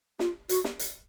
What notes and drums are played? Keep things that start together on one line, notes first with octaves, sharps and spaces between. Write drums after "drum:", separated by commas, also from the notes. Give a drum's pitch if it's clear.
F4, drum: snare
F#4, drum: hi-hat
drum: snare
drum: hi-hat